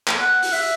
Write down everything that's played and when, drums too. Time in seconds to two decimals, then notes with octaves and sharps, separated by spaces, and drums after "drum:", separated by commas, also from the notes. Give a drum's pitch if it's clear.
0.08 drum: clap
0.20 F#5
0.42 drum: open hi-hat
0.53 E5